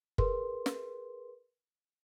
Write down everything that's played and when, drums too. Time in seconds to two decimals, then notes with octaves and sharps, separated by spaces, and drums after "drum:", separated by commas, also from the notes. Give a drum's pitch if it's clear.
0.18 G#4 A#4 B4 C6, drum: kick
0.66 drum: snare